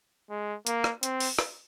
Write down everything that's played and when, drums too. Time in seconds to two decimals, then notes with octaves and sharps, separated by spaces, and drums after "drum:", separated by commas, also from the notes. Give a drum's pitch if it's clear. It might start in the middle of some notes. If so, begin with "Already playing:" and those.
0.30 G#3
0.67 A#3, drum: hi-hat
0.84 drum: rim click
1.03 C4, drum: hi-hat
1.20 drum: open hi-hat
1.39 drum: rim click